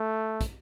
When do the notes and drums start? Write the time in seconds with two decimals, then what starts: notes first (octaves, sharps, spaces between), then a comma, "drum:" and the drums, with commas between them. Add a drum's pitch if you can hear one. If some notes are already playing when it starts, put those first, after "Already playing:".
Already playing: A3
0.41 drum: kick, hi-hat